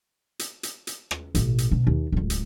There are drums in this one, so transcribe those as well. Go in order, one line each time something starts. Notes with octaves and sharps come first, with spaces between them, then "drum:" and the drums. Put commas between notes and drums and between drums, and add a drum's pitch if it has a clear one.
drum: hi-hat
drum: hi-hat
drum: hi-hat
drum: rim click
A1 B2, drum: hi-hat
drum: hi-hat
B2 D3
D#2
D1 C#2
drum: hi-hat